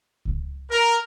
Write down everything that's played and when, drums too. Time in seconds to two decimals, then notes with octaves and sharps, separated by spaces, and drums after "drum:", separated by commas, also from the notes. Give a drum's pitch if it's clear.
0.25 drum: kick C#2
0.70 A#4